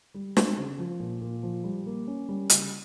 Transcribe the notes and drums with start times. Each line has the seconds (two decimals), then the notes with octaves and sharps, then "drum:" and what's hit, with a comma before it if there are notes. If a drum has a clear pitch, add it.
0.14 G3
0.37 C4, drum: snare
0.57 C#3
0.78 F3
1.00 A#2
1.21 A#2
1.43 F3
1.64 G3
1.86 A#3
2.08 C#4
2.29 G3
2.50 C#3, drum: hi-hat